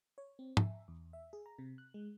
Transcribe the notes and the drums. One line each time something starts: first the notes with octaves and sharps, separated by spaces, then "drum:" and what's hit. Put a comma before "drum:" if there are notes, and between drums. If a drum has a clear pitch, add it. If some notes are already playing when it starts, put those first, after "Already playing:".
C#5
C4
E5, drum: tom
E2
E5
G#4
A#5
C3
F#6
G#3